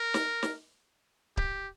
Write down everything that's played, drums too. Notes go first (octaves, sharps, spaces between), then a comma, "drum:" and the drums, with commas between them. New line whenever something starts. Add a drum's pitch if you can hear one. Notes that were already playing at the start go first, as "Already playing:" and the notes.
Already playing: A#4
drum: snare
drum: snare
G4, drum: kick C#1